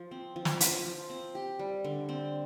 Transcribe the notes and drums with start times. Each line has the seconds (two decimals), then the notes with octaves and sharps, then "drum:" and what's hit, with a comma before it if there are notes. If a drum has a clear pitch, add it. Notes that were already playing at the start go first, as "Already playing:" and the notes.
Already playing: F3
0.11 C4
0.36 F3
0.45 drum: snare
0.61 F4, drum: hi-hat
0.85 F3
1.10 C4
1.35 G4
1.59 G3
1.84 D3
2.09 C4